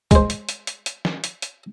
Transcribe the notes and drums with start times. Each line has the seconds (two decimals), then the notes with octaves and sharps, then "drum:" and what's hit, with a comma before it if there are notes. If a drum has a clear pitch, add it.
0.11 G#3 C5, drum: kick, hi-hat
0.30 drum: hi-hat
0.49 drum: hi-hat
0.67 drum: hi-hat
0.86 drum: hi-hat
1.05 drum: snare
1.24 drum: hi-hat
1.42 drum: hi-hat